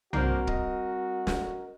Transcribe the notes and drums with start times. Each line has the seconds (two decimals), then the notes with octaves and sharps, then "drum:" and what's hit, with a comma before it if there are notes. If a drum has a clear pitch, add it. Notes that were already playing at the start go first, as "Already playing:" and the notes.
0.13 G3 A#3 C4 D4 F#4 A#4 C5, drum: tom B1
0.47 D#5, drum: kick
1.27 drum: snare